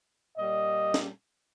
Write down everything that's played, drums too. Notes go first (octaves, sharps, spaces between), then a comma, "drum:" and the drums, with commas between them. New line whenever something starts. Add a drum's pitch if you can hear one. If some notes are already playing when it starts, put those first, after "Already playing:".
A#2 G3 D#5
drum: snare C#4